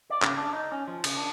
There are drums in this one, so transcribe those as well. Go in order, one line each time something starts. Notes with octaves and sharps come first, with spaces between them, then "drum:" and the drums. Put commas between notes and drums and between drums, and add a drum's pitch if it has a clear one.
D5
C#3, drum: clap
D4
D#4
C#4
F3
C#3, drum: cymbal
D4